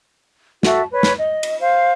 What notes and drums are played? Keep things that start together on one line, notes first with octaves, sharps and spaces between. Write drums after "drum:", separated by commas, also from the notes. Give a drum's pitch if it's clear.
F#4 A4 E5 A5, drum: snare
B4 C#5
drum: snare
D#5
drum: cymbal
C5 F5